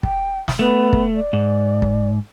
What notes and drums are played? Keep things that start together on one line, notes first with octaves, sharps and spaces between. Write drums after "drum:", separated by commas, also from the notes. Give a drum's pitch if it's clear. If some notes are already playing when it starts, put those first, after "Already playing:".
G5, drum: kick
drum: snare
A3 B3
drum: kick
D5
G#2
drum: kick